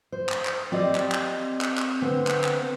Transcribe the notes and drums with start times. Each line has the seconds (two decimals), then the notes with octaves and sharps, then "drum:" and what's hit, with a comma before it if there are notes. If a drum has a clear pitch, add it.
0.12 C5
0.29 drum: clap
0.46 drum: clap
0.72 C4 G4 D5 D#5
0.95 drum: clap
1.12 drum: clap
1.61 drum: clap
1.78 drum: clap
2.01 D3 B3 C4
2.27 drum: clap
2.44 drum: clap